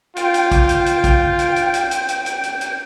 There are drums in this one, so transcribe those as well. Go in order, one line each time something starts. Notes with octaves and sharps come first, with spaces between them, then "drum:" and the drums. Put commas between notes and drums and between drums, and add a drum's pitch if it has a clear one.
F4 G5, drum: hi-hat
drum: hi-hat
drum: kick, hi-hat
drum: hi-hat
drum: hi-hat
drum: kick, hi-hat
drum: hi-hat
drum: hi-hat
drum: hi-hat
drum: hi-hat
drum: hi-hat
drum: hi-hat
drum: hi-hat
drum: hi-hat